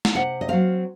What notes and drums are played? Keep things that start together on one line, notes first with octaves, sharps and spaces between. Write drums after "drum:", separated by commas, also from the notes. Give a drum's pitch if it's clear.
drum: snare
C3 F#5
D#5
F#3 C4 F5